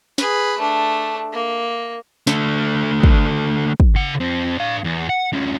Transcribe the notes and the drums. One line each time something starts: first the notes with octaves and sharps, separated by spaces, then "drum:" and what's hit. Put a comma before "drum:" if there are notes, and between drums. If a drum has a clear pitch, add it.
G#4 B4, drum: snare
A3 D4
A#3
D3 A3, drum: snare
drum: kick
drum: kick
C#3 F#5
F2 C4
D4 F5
E2
F#5
D2 C#4